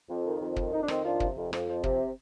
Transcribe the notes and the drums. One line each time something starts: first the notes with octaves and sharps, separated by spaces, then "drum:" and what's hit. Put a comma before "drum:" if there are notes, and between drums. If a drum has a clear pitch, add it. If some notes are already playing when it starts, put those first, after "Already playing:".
F2
D#3
F2
D#3, drum: kick
F2 D#4
D4
D#3 C4 D#4, drum: rim click
F3 D4 F4
C3, drum: kick
F2
F2, drum: rim click
F3
C3, drum: kick